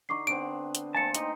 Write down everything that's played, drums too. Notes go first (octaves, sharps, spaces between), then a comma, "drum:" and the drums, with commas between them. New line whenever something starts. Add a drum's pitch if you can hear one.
D3 D#4 C#6 D6 C7
D3 B3 C4 D7
drum: hi-hat
A3 A#3 C4 G#5 A5 C#7
D#4 G4 B4 C5, drum: hi-hat